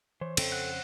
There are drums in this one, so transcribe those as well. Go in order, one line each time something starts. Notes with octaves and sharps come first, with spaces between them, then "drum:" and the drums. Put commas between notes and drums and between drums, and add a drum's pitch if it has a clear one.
E3 C5 C#5
F2 C#3 C4 A4 G5, drum: cymbal
F#5